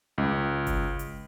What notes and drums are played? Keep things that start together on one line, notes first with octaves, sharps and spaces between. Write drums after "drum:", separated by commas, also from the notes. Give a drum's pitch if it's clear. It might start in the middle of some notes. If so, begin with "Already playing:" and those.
C#2
drum: kick G1, hi-hat
drum: hi-hat